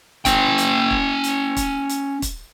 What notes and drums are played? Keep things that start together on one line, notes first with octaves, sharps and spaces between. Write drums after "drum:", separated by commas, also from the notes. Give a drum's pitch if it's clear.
C#4 G5, drum: kick, hi-hat
drum: hi-hat
drum: kick
drum: hi-hat
drum: kick, hi-hat
drum: hi-hat
drum: kick, hi-hat